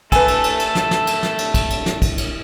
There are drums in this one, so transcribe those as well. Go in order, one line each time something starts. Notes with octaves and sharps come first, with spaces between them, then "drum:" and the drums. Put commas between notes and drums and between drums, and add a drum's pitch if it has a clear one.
A3 A4 B4 E5 G#5, drum: kick, cymbal
drum: cymbal
drum: cymbal
drum: cymbal
drum: snare
drum: snare
drum: cymbal
drum: snare
drum: cymbal
drum: kick, cymbal
drum: cymbal
drum: snare
drum: kick, cymbal
drum: cymbal